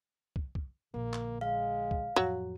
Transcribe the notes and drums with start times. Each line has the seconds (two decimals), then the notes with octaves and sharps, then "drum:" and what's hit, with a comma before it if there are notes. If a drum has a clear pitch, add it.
0.36 drum: kick
0.55 drum: kick
0.94 A#1 D3 A#3
1.13 drum: clap
1.41 G#3 F5
1.91 drum: kick
2.16 F2 A2 F#3